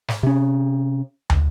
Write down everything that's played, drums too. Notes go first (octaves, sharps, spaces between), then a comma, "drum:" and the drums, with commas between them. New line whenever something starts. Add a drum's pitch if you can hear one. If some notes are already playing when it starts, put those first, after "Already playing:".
drum: snare
C3 C#4
drum: tom